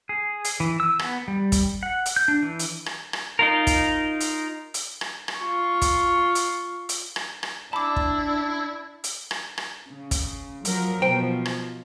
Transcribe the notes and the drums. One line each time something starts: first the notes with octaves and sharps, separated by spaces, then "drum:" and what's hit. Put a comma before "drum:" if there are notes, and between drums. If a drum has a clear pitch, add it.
G#4
drum: hi-hat
E3
E6
B3, drum: rim click
G3
drum: kick, hi-hat
F#5
drum: hi-hat
G6
D4
E3
drum: hi-hat
drum: rim click
drum: rim click
D#4 F4 A#4
drum: kick, hi-hat
drum: hi-hat
drum: hi-hat
drum: rim click
drum: rim click
F4 C#6
drum: kick, hi-hat
drum: hi-hat
drum: hi-hat
drum: rim click
drum: rim click
D4 E4 A5 B5 D6
drum: kick
drum: hi-hat
drum: rim click
drum: rim click
C#3
drum: kick, hi-hat
F3 F#3 A#4, drum: hi-hat
B2 F3 C5 G5
drum: rim click